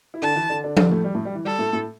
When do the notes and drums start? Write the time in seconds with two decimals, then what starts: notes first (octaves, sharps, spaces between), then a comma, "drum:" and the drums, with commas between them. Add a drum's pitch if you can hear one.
0.14 E4
0.22 D3 D4 A5
0.36 E3 E4
0.50 D3 D4
0.64 D3 D4
0.77 D3 D4, drum: tom F3
0.91 A2 A3
1.04 G3
1.14 A2 A3
1.25 G3
1.35 E3
1.45 G3 A4
1.59 A2 A3
1.73 A2 A3